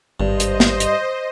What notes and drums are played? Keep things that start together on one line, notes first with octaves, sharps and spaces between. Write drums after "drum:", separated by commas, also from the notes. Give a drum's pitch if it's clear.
G#1 G2 C5 D#5
drum: hi-hat
drum: snare
drum: hi-hat